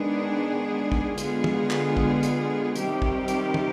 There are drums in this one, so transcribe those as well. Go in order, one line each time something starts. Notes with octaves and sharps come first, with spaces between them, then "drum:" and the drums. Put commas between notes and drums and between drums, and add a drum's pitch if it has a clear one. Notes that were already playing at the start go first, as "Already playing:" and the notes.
Already playing: D#3 G#3 B3 D4 G#4
drum: kick
D3 G#3 B3 F4 G#4, drum: hi-hat
drum: tom
drum: clap
drum: kick
drum: hi-hat
C3 D#3 G3 C4 G4, drum: hi-hat
drum: kick
drum: hi-hat
drum: tom